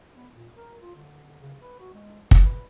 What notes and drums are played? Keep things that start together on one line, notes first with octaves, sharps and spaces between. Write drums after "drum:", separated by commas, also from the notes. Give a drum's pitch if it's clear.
B3
A#2
A#4
F4
D3
C#3
B4
F#4
G#3
A#2, drum: kick
B4